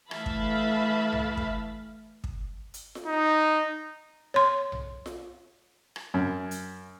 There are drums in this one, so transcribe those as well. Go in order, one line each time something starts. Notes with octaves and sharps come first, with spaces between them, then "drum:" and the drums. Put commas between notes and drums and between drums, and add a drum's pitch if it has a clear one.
E3 A3 E5 F5 A5 B5, drum: rim click
drum: kick
drum: tom B1
drum: kick
drum: kick
drum: hi-hat
drum: snare F4
D#4
C#5 C6
drum: tom B1
drum: snare F4
drum: rim click
F#2
drum: hi-hat